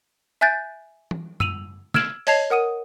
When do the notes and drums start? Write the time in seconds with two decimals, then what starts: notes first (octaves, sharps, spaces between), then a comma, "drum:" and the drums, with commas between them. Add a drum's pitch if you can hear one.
0.41 E5 G#5 F#6 G6 A6 D7
1.11 drum: tom E3
1.40 E6 D#7 F7 F#7, drum: tom F#2
1.94 E6 F6 G#6 D7 E7 F#7, drum: snare
2.27 C#5 D#5 A5 G#6 C7 F7, drum: open hi-hat
2.50 A#4 F#5 D#6 D#7